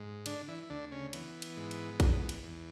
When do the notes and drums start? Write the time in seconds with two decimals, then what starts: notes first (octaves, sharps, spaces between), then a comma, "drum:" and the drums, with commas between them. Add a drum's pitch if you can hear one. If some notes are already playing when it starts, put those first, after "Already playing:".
Already playing: G#2
0.26 D3 D4, drum: cymbal
0.48 E3 E4
0.63 E4
0.70 D2 D3 D4
0.91 C#3 C#4
1.13 E3 B3, drum: cymbal
1.42 drum: cymbal
1.57 G#2
1.71 drum: cymbal
2.00 E2, drum: kick A#1, cymbal
2.29 drum: cymbal
2.43 E2